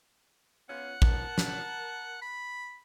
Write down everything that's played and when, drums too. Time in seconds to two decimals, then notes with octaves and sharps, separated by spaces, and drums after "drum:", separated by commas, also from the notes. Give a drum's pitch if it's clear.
0.70 B3 C#4 F4 F#5
1.02 A#4 A5, drum: kick
1.38 drum: snare
2.22 B5